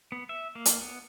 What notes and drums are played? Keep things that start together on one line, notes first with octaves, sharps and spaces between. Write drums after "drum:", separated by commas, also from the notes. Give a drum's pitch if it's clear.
B3
E5
A#3
drum: hi-hat
B3